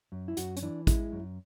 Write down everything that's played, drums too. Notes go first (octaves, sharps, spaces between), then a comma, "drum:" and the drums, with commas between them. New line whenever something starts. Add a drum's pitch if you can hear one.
F#2
E4
F#2 F#4, drum: hi-hat
C#4, drum: hi-hat
E3 D4
G#3 E4, drum: kick, hi-hat
F#2